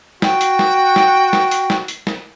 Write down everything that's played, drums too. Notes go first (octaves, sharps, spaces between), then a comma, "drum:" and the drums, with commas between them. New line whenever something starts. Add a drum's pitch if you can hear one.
F#4 G5, drum: snare
drum: hi-hat
drum: snare
drum: snare
drum: snare
drum: hi-hat
drum: snare
drum: hi-hat
drum: snare